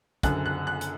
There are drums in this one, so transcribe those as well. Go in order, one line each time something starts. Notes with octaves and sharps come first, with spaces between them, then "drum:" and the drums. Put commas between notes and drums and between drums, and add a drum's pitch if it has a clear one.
F#1 F#2 D3 F#6, drum: kick, hi-hat
F#6
F#6
drum: hi-hat